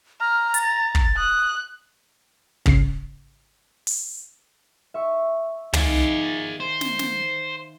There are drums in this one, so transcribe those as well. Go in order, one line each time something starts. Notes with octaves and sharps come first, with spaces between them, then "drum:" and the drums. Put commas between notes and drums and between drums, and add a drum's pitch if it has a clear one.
A#5 F6
A6, drum: hi-hat
drum: kick
D#6 F#6
G#1 C#3 C7, drum: kick
drum: open hi-hat
E5 C#6
D#3 G#4 D5 F5 G#5, drum: tom
C5
drum: snare
drum: snare